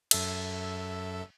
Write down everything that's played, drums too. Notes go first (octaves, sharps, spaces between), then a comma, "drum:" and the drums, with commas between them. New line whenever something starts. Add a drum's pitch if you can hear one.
F#2 A4 E5, drum: cymbal